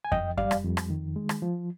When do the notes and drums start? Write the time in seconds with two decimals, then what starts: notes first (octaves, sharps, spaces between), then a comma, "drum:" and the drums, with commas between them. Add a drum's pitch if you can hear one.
0.05 G#5
0.12 F2 D#5 G5, drum: kick F#2
0.37 G3 D5 F5, drum: kick F#2
0.51 drum: rim click
0.64 F2
0.77 drum: rim click
0.90 D#3
1.16 G#3
1.29 drum: rim click
1.42 F3